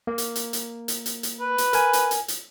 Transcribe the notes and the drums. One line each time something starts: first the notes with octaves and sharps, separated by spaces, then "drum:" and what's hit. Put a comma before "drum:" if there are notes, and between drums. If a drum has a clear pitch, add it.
A#3
drum: hi-hat
drum: hi-hat
drum: hi-hat
drum: hi-hat
drum: hi-hat
drum: hi-hat
B4
drum: hi-hat
A#4 G#5, drum: hi-hat
drum: hi-hat
drum: hi-hat
drum: hi-hat